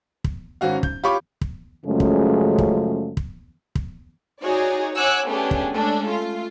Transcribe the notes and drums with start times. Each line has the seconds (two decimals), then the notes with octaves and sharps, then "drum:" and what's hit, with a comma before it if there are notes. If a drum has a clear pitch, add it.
0.24 drum: kick
0.61 G#1 C#4 F#4 F5
0.83 G6, drum: kick
1.04 F4 G4 C#5 B5 C#6 D6
1.41 drum: kick
1.85 F#2 C#3 F3 G#3 A3
2.00 drum: kick
2.58 drum: kick
3.17 drum: kick
3.75 drum: kick
4.41 D#4 F#4 G#4 C#5 D5
4.96 C#5 F#5 G#5 D6 E6 F#6
5.28 A3 B3 C#4 D4 G4 G#4
5.51 drum: kick
5.75 G#3 A3 C#4 D4 A4
6.06 A3 F4